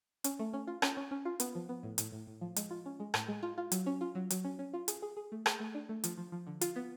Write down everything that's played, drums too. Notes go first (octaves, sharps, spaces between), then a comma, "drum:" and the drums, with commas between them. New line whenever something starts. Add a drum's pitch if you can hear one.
C#4, drum: hi-hat
A3
C#4
F4
C#4, drum: rim click
C#4
C#4
F4
B3, drum: hi-hat
F3
B3
A2
A2, drum: hi-hat
A2
A2
F3
G#3, drum: hi-hat
F4
C#4
G#3
A2, drum: rim click
G#3
F4
F4
F#3, drum: hi-hat
C#4
F4
F#3
F#3, drum: hi-hat
C#4
C#4
F4
G#4, drum: hi-hat
G#4
G#4
A3
G#4, drum: rim click
A3
D4
A3
F3, drum: hi-hat
F3
F3
D3
F4, drum: hi-hat
B3